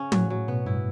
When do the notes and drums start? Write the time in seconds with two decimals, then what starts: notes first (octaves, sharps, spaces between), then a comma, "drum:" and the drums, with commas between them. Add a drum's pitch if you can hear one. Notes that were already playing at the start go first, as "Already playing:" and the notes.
Already playing: C#3 C#4
0.12 A2 F#3, drum: tom
0.30 F#3
0.48 B2 B3
0.66 G2 E4